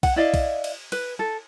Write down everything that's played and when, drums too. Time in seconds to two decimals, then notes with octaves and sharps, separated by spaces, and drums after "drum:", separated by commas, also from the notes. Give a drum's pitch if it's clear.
0.03 F#5, drum: kick B1, cymbal
0.16 E4 D5 D#5 F5
0.34 drum: kick B1, cymbal
0.64 drum: cymbal
0.92 B4, drum: cymbal
1.19 A4